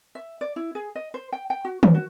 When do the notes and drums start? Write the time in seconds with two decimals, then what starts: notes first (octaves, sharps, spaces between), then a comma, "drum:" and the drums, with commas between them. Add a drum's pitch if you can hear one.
0.15 E5
0.41 D5
0.56 E4
0.75 G#4
0.95 D#5
1.14 C5
1.32 G5
1.50 G5
1.65 F#4
1.83 C#4, drum: tom D#3
1.94 F#4